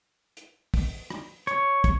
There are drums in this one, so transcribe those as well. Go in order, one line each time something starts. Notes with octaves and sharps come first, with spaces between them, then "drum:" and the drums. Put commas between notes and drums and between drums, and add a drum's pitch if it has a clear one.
drum: hi-hat
drum: kick, open hi-hat
drum: rim click
C#5, drum: hi-hat
drum: kick, hi-hat